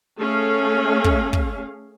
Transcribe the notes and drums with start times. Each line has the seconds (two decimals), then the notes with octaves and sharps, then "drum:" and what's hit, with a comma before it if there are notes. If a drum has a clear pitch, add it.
0.19 A3 C#4 G#4 A4 F5
1.04 drum: kick
1.33 drum: kick